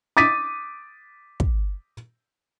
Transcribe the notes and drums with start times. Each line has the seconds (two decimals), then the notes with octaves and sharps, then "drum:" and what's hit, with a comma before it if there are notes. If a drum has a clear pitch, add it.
0.17 D6 D#6 A6 B6 D#7
1.40 drum: kick